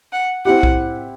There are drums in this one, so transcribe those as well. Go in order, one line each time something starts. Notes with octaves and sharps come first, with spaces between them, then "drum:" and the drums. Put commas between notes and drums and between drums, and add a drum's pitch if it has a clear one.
F#5
C4 E4 G4 F#5
drum: kick B1